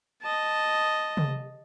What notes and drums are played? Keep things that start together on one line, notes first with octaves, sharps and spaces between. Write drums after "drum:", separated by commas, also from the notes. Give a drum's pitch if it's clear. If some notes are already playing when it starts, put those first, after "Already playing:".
D#5 A5
drum: tom